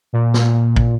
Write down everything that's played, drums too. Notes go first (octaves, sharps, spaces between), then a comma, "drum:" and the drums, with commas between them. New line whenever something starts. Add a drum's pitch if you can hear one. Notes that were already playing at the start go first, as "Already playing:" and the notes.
A#2
drum: snare
drum: kick